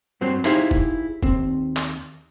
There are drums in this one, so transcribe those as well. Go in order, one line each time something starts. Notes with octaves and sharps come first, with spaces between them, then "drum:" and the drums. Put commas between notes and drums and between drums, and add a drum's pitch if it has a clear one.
G2 F#3 C4 C5
D#4 E4 G4 G#4 C5 F5, drum: clap
drum: kick
D#2 C4, drum: kick
drum: clap